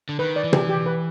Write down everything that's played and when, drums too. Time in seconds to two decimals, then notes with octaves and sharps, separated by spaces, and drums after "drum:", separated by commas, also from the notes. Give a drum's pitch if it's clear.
0.09 D3
0.19 D#3 B4
0.36 D5
0.44 E3
0.53 G4, drum: tom
0.69 G4
0.86 B4